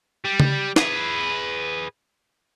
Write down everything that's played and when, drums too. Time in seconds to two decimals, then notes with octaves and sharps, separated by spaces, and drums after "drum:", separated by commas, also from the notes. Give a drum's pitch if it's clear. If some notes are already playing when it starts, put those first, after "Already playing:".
0.25 G3
0.40 drum: tom C#3
0.76 G#4 B4, drum: snare